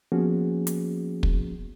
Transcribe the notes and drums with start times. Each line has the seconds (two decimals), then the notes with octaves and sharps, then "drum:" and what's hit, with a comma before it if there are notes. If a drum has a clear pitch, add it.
0.12 F3 A#3 B3 C#4 F#4 G#4
0.67 drum: hi-hat
1.23 drum: kick